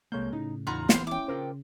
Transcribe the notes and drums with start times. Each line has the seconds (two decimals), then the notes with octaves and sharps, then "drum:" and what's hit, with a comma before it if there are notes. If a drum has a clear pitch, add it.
0.12 C2 G#3 A#3 C#5 G6
0.33 A2 C#3 D#4
0.67 E2 D#4 F4 F#4 A#5 B5
0.89 E3 B3 C5 F5 C6, drum: snare
1.07 C#4 E4 G5 D6
1.28 C#3 F4 A#4 C5